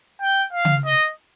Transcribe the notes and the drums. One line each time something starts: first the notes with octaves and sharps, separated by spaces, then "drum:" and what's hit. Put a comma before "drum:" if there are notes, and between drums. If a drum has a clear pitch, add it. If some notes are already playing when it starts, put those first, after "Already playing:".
G5
F5
drum: tom C#3
D#5